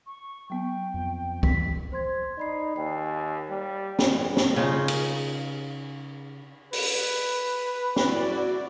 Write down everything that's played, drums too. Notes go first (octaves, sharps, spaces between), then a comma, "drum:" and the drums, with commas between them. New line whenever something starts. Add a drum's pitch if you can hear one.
C#6
F#3 B3 G5
F2
B6, drum: kick
C5 C6 G#6
D#4 D5 B5 C7
D#2 G5 C7
G3
A#1, drum: snare
drum: snare
C#3 C#4 D#4 F4
drum: cymbal
B4, drum: open hi-hat
E4 F#4 D5, drum: snare